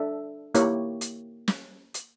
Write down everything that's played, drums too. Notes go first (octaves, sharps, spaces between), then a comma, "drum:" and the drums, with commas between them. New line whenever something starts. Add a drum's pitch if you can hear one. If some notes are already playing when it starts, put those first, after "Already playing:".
Already playing: D4 A4 E5
A#3 E4 G4 C#5, drum: hi-hat
drum: hi-hat
drum: snare
drum: hi-hat